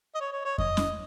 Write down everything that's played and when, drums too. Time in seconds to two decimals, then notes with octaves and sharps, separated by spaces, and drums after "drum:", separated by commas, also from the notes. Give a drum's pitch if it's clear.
0.15 D#5
0.21 C#5
0.33 C#5
0.45 C#5
0.58 D#5, drum: kick F2
0.77 drum: snare